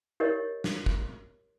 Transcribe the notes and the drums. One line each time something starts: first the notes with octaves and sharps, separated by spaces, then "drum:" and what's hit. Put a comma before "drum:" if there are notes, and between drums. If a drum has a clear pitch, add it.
G4 A#4 C#5 D#5
drum: snare
drum: kick